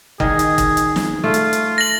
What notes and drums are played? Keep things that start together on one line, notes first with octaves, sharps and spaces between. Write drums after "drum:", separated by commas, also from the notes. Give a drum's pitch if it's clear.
D#3 G#4, drum: kick G1
drum: hi-hat
drum: kick G1, hi-hat
drum: hi-hat
drum: snare
A3 F4
drum: hi-hat
drum: hi-hat
A#6 F#7